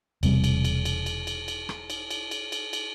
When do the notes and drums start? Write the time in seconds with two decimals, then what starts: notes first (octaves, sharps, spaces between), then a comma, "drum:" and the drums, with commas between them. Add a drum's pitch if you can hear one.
0.23 E1 C3 G3, drum: cymbal
0.44 drum: cymbal
0.65 drum: cymbal
0.85 drum: cymbal
1.06 drum: cymbal
1.27 drum: cymbal
1.48 drum: cymbal
1.69 drum: rim click
1.90 drum: cymbal
2.10 drum: cymbal
2.31 drum: cymbal
2.52 drum: cymbal
2.73 drum: cymbal